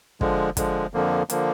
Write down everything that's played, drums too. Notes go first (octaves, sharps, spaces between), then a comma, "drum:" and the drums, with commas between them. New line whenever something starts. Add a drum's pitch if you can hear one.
D3 F3 G#3, drum: kick
D3 F3 G#3, drum: kick, hi-hat
F2 D3 F3 A#3
D3 F3 A#3, drum: hi-hat